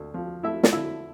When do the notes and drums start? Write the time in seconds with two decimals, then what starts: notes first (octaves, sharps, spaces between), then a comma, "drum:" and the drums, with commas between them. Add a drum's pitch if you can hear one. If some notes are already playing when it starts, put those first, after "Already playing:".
Already playing: D2
0.14 F3
0.43 A3 E4 E5
0.63 drum: snare
0.73 D3 E4 E5